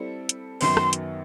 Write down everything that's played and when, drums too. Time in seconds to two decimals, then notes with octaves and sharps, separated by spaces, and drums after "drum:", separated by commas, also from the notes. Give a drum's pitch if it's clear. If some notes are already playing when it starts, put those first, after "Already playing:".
Already playing: G3 C4 E4 A4
0.29 drum: hi-hat
0.61 F#2 D#3 F#3 B3 C6, drum: open hi-hat
0.77 drum: rim click
0.93 drum: hi-hat